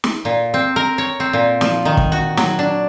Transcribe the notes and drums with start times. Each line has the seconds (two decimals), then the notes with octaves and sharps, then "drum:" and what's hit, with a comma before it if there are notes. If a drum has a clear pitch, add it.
0.04 drum: snare
0.25 A#2
0.54 C4
0.76 A#4
0.98 C#5
1.20 C4
1.33 A#2
1.61 F3, drum: snare
1.85 D#3
1.97 drum: kick
2.12 F#4
2.37 F#3, drum: snare
2.59 D4